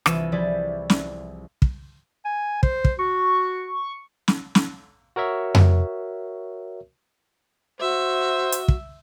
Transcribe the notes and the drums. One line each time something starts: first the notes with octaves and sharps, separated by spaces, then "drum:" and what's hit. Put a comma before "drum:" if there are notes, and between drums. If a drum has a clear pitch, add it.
C2 E3 F4 E6 D#7 E7, drum: rim click
F3 G3 E4 G4 G#4 D5
drum: snare
drum: kick
G#5
C5, drum: kick
drum: kick
F#4 C#6
drum: snare
drum: snare
F#4 A#4 C#5 E5
drum: tom F2
F#4 C5 E5
drum: hi-hat
drum: kick